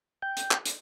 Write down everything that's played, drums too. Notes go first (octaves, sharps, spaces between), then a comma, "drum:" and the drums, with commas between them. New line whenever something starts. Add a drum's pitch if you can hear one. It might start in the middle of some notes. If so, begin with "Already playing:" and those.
G5
drum: hi-hat
drum: clap
drum: hi-hat